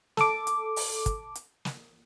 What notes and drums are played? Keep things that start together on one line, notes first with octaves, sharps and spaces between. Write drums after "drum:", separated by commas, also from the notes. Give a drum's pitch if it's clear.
A4 D6, drum: snare
drum: hi-hat
drum: open hi-hat
drum: kick, hi-hat
drum: hi-hat
drum: snare